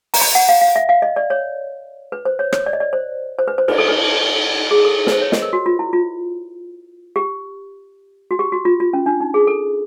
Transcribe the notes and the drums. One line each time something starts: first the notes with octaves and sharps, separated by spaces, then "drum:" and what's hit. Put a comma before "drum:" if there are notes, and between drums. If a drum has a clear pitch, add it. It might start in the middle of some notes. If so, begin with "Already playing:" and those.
A#5, drum: open hi-hat
B5
F#5
F5
F5
E5
F5
D#5
D5
C#5
B4
C5
C#5
C#5, drum: rim click
D5
D#5
D5
C5
C5
B4
C5
B4, drum: cymbal
A4
B4
G#4
A4
B4, drum: snare
C5
C#5
D#5, drum: snare
A#4
F#4
F4
E4
F4
G4
F#4
G4
F#4
F4
F4
C#4
D4
D#4
G#4
A4